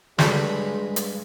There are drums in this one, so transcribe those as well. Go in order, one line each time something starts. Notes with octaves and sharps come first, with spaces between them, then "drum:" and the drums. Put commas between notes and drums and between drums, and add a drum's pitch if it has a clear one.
G2 F#3 G#3 A4 B5, drum: snare
drum: hi-hat